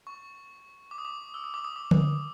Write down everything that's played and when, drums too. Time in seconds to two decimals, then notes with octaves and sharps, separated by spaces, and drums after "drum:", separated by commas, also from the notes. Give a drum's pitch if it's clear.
0.07 C#6
0.91 D6
0.98 D#6
1.05 D6
1.34 E6
1.44 D#6
1.54 D6
1.65 D#6
1.76 D6
1.91 drum: tom D3